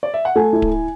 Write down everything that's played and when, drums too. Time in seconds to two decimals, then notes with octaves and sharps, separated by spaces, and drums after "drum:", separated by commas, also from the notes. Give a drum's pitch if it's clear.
0.03 D5
0.14 E5
0.25 F#5
0.36 A3 G#5
0.53 E4
0.62 drum: kick D1